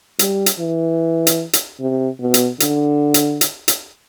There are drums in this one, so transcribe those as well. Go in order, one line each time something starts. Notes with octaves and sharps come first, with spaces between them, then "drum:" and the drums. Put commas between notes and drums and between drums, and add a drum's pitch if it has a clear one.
G3, drum: hi-hat
drum: hi-hat
E3
drum: hi-hat
drum: hi-hat
C3
B2
drum: hi-hat
D3, drum: hi-hat
drum: hi-hat
drum: hi-hat
drum: hi-hat